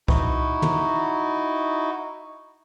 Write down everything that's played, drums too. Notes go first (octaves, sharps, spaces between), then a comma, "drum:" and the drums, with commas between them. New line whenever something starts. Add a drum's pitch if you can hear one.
D#4 E4 F#4, drum: kick C2
drum: tom